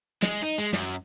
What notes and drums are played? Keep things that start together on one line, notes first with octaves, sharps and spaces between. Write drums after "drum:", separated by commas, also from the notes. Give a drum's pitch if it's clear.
G#3, drum: snare
D#4
G#3
F#2, drum: snare